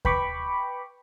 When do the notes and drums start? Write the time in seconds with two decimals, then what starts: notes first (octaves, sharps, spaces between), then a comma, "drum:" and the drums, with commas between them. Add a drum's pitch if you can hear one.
0.05 B4 G5 B5 C#6 D6, drum: kick D#2